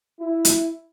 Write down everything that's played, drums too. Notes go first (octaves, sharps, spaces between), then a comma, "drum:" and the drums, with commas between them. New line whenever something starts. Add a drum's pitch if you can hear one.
E4
drum: hi-hat